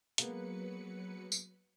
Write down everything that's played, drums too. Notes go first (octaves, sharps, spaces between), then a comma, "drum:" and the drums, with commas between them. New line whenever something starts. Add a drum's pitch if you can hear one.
F#3 G#3 A#3 B3 B4 C#7, drum: hi-hat
drum: tambourine